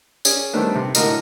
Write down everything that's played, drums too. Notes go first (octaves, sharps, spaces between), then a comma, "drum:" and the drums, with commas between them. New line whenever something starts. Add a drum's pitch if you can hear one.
C#4 G#4 D5, drum: tambourine
D#3 G3 A3 B3 C4 D4
C3
A2 D3 F#3 A#4 D#5 D#6, drum: tambourine